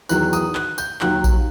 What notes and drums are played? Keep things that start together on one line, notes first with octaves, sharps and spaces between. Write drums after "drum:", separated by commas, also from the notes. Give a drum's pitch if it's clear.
E2 D#3 F#3 F#6, drum: tambourine
D#6, drum: tambourine
F#6, drum: clap
G6, drum: tambourine
D#2 D#3 F#3 F#6, drum: clap
drum: kick A#1, tambourine